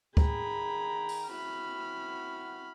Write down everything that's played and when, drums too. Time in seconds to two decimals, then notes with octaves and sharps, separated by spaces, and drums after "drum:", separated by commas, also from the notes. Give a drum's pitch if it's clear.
0.17 D#3 G#4 G5 A#5 B5, drum: kick D2
1.09 drum: open hi-hat
1.29 C4 E4 F#4 B5 F6